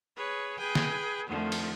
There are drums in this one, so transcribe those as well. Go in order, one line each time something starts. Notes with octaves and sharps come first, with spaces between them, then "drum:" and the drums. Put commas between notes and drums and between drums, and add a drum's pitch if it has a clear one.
G#4 B4 C#5
G#4 B4 G5 G#5
drum: snare
F2 D3 D#3 F3 A3
drum: cymbal